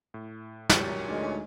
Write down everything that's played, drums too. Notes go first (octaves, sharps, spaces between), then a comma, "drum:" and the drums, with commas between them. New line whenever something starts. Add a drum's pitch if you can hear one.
A2
A#2 F#3 C#4 D4 G4 D6, drum: snare
D2 G#3 D#4